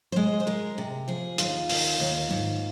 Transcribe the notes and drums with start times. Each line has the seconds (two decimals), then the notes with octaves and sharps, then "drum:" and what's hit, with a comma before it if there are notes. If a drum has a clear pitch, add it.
0.12 C5
0.16 G#3 D#5
0.40 C5
0.47 G#3 A#4
0.78 C3
1.08 F3 G#4
1.38 D#2 F4, drum: hi-hat
1.69 D#3, drum: open hi-hat
2.00 D#2
2.30 G#2